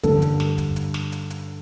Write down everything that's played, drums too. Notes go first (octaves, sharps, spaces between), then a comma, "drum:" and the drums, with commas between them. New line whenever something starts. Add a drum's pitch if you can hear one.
G2 D3 G3 A4, drum: kick, hi-hat
drum: hi-hat
drum: snare
drum: kick, hi-hat
drum: hi-hat
drum: snare
drum: hi-hat
drum: hi-hat